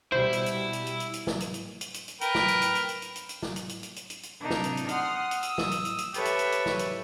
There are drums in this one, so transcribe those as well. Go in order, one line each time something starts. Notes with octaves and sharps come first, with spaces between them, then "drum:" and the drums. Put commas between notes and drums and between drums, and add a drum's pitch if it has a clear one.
B2 G3 E4 C5
drum: hi-hat
drum: hi-hat
drum: hi-hat
drum: hi-hat
drum: hi-hat
drum: hi-hat
drum: snare
drum: hi-hat
drum: hi-hat
drum: hi-hat
drum: hi-hat
drum: hi-hat
A#4 B4 G5, drum: hi-hat
drum: snare
drum: hi-hat
drum: hi-hat
drum: hi-hat
drum: hi-hat
drum: hi-hat
drum: hi-hat
drum: hi-hat
drum: snare
drum: hi-hat
drum: hi-hat
drum: hi-hat
drum: hi-hat
drum: hi-hat
drum: hi-hat
C3 D4 D#4
drum: snare
drum: hi-hat
drum: hi-hat
F#5 C6 D#6 F6, drum: hi-hat
drum: hi-hat
D#6 E6, drum: hi-hat
drum: snare
drum: hi-hat
drum: hi-hat
drum: hi-hat
G4 A4 B4 C#5 E5, drum: hi-hat
drum: hi-hat
drum: hi-hat
drum: hi-hat
drum: snare
drum: hi-hat